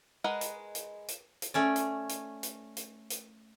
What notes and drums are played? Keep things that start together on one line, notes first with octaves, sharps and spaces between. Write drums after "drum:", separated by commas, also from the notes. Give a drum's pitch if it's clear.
G#3 A#4 B4 D#5 F#5
drum: hi-hat
drum: hi-hat
drum: hi-hat
drum: hi-hat
A3 C#4 D5
drum: hi-hat
drum: hi-hat
drum: hi-hat
drum: hi-hat
drum: hi-hat